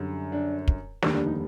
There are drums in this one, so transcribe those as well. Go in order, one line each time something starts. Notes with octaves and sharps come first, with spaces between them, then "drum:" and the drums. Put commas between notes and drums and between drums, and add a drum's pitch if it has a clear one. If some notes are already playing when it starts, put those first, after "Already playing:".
Already playing: F#2 D3 G3
D4
drum: kick
F1 D#2 D3 G3 A#3 D4, drum: snare
D4
D#4